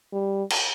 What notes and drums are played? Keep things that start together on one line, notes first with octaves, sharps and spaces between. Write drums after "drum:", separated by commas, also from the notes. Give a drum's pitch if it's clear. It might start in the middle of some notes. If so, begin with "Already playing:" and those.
G3
drum: cymbal